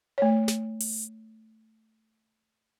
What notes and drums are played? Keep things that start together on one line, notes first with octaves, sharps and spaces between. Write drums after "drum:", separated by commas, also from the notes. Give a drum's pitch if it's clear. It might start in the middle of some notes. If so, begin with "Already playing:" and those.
A3 C#5
drum: snare
drum: open hi-hat